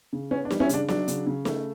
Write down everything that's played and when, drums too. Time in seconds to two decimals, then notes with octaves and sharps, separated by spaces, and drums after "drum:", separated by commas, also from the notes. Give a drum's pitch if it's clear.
0.13 C#3
0.31 B3 C#4
0.45 D4
0.51 G3, drum: snare
0.60 C#4 E4
0.69 C#3 D4, drum: hi-hat
0.88 F#3 D4, drum: snare
1.08 C#3, drum: hi-hat
1.27 C#3
1.45 A3, drum: snare